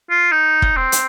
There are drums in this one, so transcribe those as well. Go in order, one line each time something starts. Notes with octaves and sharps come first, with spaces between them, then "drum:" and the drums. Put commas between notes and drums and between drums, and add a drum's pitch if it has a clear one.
F4
D#4
drum: kick
C4
drum: hi-hat